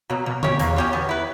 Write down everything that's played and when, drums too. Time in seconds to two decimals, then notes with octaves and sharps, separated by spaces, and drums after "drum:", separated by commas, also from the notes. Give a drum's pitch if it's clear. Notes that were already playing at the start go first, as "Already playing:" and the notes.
0.10 B2 F#3 A#3
0.26 B2 A#3
0.43 F#2 C#4 G4 C#5, drum: tom D3
0.59 E2 A#3, drum: hi-hat
0.76 C#4 G4 C#5
0.93 B3
1.09 E4 B4